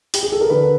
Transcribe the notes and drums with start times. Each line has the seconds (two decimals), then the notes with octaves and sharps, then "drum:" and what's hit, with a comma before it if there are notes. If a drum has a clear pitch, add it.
0.14 G4, drum: open hi-hat
0.23 G#4
0.32 A4
0.41 A#4
0.50 D3 B4